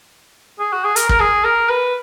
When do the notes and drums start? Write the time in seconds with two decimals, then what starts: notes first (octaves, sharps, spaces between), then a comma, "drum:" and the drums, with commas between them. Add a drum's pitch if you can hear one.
0.59 G#4
0.73 F#4
0.84 G#4
0.96 A#4, drum: hi-hat
1.09 A#4, drum: kick
1.20 G#4
1.45 A#4
1.69 B4